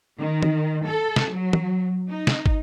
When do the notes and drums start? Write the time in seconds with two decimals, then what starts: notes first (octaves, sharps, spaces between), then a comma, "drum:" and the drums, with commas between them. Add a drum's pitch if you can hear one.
0.19 D#3
0.43 drum: tom
0.87 A4
1.16 drum: snare
1.31 F#3
1.53 drum: tom
2.09 D#4
2.27 drum: snare
2.46 drum: kick